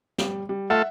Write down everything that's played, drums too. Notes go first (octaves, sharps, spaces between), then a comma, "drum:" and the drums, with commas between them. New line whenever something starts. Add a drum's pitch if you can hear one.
G3, drum: snare
G3
A3 F4 A4 E5 F#5